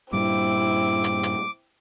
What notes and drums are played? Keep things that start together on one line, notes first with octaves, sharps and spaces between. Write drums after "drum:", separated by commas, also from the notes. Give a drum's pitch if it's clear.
G2 A#2 G3 C4 E4 D6
drum: hi-hat
drum: hi-hat